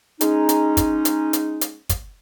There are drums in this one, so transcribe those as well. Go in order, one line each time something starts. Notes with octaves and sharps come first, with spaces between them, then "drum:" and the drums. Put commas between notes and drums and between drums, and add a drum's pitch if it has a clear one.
G#3 C#4 D#4, drum: hi-hat
drum: hi-hat
drum: kick, hi-hat
drum: hi-hat
drum: hi-hat
drum: hi-hat
drum: kick, hi-hat